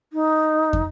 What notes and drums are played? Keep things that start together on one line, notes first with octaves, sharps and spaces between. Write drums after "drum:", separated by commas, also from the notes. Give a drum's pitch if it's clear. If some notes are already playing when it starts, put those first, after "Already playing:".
D#4
drum: kick